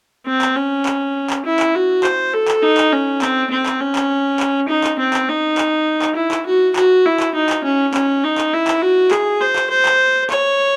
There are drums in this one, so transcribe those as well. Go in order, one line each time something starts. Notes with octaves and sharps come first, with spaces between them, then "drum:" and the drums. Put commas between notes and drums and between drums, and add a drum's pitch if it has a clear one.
C4
drum: clap
C#4
drum: clap
drum: clap
E4
drum: clap
F#4
C5, drum: clap
A4
drum: clap
D#4
drum: clap
C#4
C4, drum: clap
C4
drum: clap
C#4
drum: clap
drum: clap
D#4
drum: clap
C4
drum: clap
D#4
drum: clap
drum: clap
E4
drum: clap
F#4
F#4, drum: clap
E4
drum: clap
D#4
drum: clap
C#4
C#4, drum: clap
D#4
drum: clap
E4
drum: clap
F#4
G#4, drum: clap
C5
drum: clap
C5
drum: clap
C#5, drum: clap